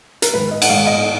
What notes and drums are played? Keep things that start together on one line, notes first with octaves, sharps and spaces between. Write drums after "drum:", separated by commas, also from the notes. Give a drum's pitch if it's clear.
A#4, drum: hi-hat
G#2 D#3 B4
D#5
F#5, drum: cymbal
G#2 D#3 F5
D#5